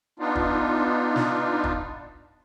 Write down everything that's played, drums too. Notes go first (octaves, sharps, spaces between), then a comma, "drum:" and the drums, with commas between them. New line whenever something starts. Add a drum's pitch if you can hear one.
B3 D4 D#4 F4
drum: kick
drum: snare
drum: kick